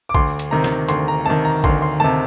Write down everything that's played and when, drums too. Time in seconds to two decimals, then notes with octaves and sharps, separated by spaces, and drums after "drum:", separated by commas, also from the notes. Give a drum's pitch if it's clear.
0.09 D6
0.15 D2 C6, drum: kick A1
0.39 drum: hi-hat
0.51 C3 D#3 A#5
0.64 drum: snare D#3
0.89 D2 C6, drum: hi-hat
1.08 A#5
1.26 C3 D#3 A5
1.45 A#5
1.64 D2 C6, drum: kick A1
1.82 C6
2.00 C3 D#3 A5